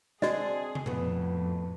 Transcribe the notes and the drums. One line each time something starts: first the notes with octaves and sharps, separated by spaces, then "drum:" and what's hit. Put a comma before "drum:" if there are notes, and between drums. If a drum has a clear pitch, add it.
C4 D4 F#4 G#4 D5 D#5, drum: snare
drum: tom
F2 A2 B3, drum: tom A#2